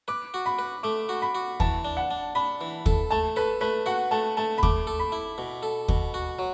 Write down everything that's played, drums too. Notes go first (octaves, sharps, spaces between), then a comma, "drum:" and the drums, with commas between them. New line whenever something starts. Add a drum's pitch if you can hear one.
B4 D6
F#4
B5
B4
A3 D6
F#4
B5
F#4
E3 A5, drum: kick
D4
F#5
D4
D4 B5
E3
A4, drum: kick
A3 A5
A4 B4
A3 B4
F#4 F#5
A3 A5
A3 A5
B5
A3 D6, drum: kick
A4
B5
E4
B2
A4
B2, drum: kick
F#4
F#3